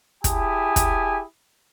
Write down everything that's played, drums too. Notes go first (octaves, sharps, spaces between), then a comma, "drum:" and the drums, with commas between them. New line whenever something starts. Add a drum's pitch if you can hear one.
E4 G4 G#4 G#5 A5 D#6, drum: kick, hi-hat
drum: kick, hi-hat